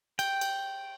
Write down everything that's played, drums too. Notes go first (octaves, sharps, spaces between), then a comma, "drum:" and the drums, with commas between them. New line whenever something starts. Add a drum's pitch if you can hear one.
G5, drum: cymbal
drum: cymbal